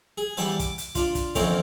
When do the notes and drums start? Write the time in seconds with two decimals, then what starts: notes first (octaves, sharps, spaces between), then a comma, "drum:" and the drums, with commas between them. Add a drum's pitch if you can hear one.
0.18 G#4
0.37 E3 G3 B3 B4 E5 A5
0.60 D6, drum: kick, hi-hat
0.78 drum: hi-hat
0.95 D4 F4, drum: kick, hi-hat
1.15 drum: kick, hi-hat
1.35 F2 D3 E3 A#3 C4 C#4, drum: kick, hi-hat